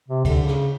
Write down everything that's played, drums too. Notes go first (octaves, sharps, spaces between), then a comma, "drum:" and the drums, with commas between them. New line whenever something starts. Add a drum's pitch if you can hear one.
C3
D3, drum: kick C#2, cymbal
C#3, drum: rim click